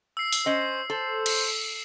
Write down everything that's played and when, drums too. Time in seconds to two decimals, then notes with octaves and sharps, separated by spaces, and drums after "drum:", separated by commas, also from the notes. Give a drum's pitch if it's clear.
0.17 E6 C7
0.32 drum: open hi-hat
0.46 C#4 C5 D#5
0.90 A4 C5
1.26 drum: cymbal